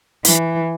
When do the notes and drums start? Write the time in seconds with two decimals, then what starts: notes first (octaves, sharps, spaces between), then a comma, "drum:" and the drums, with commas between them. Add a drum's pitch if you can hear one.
0.25 E3, drum: hi-hat